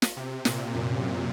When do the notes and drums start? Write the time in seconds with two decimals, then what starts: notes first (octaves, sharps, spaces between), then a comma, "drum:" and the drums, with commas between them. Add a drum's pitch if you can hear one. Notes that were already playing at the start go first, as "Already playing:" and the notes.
0.02 drum: snare
0.17 C3
0.45 A#2, drum: snare
0.74 F#2